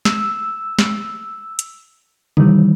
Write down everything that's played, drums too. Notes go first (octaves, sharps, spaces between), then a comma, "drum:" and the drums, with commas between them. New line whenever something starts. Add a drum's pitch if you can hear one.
E6, drum: snare
drum: snare
drum: hi-hat
D#3 E3 G3, drum: tom C3